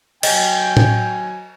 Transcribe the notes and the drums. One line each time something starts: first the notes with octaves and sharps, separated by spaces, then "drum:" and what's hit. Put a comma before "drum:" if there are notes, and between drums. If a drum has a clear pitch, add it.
F#3 D#5 G5 G#5, drum: cymbal
drum: tom A2